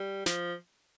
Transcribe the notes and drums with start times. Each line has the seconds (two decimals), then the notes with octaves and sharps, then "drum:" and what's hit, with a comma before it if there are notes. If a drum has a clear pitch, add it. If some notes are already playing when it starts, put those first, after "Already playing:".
Already playing: G3
0.26 F3, drum: snare